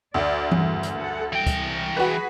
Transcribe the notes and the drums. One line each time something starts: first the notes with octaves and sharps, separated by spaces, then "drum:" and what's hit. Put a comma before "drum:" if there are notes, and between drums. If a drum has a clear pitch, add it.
D2 D5
E2 G2, drum: tom E3
drum: hi-hat
A4 F#5
C2 E3 G5 A#6
drum: kick C#2, hi-hat
F#4 G#4 B4 B5